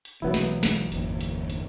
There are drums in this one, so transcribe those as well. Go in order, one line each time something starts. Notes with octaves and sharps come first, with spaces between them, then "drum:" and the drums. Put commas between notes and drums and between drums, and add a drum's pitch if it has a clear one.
drum: hi-hat
B1 E3 F#3 B3 E4
drum: snare
drum: snare
G1 E2 A#2, drum: hi-hat
drum: hi-hat
drum: hi-hat